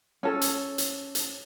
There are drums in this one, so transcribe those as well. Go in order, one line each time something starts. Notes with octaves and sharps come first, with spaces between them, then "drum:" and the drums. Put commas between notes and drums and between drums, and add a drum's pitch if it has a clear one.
C#4 A4
drum: hi-hat
drum: hi-hat
drum: hi-hat